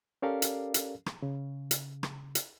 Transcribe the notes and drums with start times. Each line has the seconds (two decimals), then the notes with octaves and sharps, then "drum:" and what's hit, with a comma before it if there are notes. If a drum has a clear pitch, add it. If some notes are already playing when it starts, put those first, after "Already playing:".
0.22 C#4 G4 A4 A#4 D5 F5
0.42 drum: hi-hat
0.74 drum: hi-hat
1.06 drum: rim click
1.22 C#3
1.71 drum: hi-hat
2.03 drum: rim click
2.35 drum: hi-hat